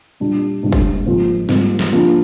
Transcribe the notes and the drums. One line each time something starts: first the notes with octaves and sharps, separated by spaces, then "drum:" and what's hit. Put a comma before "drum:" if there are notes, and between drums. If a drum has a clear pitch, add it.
A#2 G3 D4 G4
G#2 G3 A#3 D4
drum: kick F#1
G#2 F3 A#3
G#2 G3 A#3 F4, drum: snare
drum: snare
F3 A#3 D4 F4